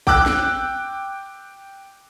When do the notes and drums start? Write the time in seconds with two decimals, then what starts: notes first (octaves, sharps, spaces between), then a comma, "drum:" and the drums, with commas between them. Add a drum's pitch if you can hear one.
0.07 G5 D6 E6 F#6, drum: kick
0.26 drum: snare